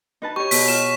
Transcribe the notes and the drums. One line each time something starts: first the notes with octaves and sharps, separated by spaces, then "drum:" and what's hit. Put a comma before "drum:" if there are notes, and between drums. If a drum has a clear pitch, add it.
D#4 B4 A5
G4 C#5 C#6
B2 B6, drum: open hi-hat
F4 E7